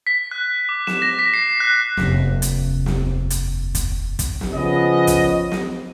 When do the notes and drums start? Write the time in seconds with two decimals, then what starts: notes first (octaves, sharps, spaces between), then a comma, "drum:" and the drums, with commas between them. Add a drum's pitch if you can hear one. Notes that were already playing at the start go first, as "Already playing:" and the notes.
0.07 B6
0.31 F#6
0.69 D6
0.87 E7, drum: snare
1.02 A#6
1.19 B6
1.34 C7
1.60 F#6
1.97 F1 D#2, drum: snare
2.42 drum: hi-hat
2.86 drum: snare
3.30 drum: hi-hat
3.75 drum: kick, hi-hat
4.19 drum: kick, hi-hat
4.41 drum: snare
4.54 C#3 F3 B3 C#4 D#5
5.07 drum: kick, hi-hat
5.51 drum: snare